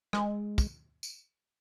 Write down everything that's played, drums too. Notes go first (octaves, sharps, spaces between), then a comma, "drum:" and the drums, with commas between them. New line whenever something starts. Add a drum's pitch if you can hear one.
G#3, drum: rim click
drum: kick, tambourine
drum: tambourine